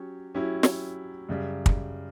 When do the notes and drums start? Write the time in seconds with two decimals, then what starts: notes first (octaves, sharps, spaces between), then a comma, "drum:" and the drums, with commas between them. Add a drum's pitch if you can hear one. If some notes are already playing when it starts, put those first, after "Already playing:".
Already playing: F#3 C#4 G4
0.35 F#3 C#4 E4 G4
0.63 drum: snare
1.29 F#2 C#3 G3
1.66 drum: kick